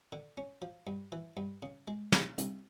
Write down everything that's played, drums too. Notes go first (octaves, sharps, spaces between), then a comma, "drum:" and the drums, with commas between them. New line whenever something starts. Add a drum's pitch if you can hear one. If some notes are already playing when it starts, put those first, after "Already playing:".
D3
C#4
F3
G2
E3
G2
C#3
G#3
C4, drum: snare
C2, drum: hi-hat